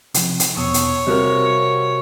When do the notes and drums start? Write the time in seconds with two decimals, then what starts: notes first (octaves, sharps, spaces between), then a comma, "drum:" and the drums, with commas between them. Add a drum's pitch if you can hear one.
0.14 C3 F3, drum: hi-hat
0.40 drum: hi-hat
0.56 E2 B2 C#5 A5 D#6 E6
0.74 drum: hi-hat
1.07 C3 G3 F#4 A#4 F5 F#5